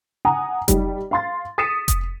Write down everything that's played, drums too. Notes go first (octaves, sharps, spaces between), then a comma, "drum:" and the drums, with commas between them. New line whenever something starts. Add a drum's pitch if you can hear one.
F#5 G#5 A#5 D#6
G3 D#4, drum: kick F1, hi-hat
F5 C6 A6
D#6 A6 B6 C#7 D#7 E7
drum: kick F1, hi-hat